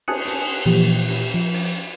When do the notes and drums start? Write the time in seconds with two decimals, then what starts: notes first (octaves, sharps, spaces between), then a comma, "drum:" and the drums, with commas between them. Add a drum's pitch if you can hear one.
0.08 G#5 A5 D#6 F#6 C#7, drum: cymbal
0.25 drum: hi-hat
0.66 A#2 E3 F3 G4
1.11 drum: cymbal
1.34 F3
1.54 drum: open hi-hat